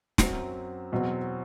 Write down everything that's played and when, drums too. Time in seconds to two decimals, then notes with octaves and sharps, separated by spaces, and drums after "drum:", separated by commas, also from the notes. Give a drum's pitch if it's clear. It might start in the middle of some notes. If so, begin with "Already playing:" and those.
0.18 F#2 F#3 C4, drum: snare
0.92 E2 B2 F#3 C4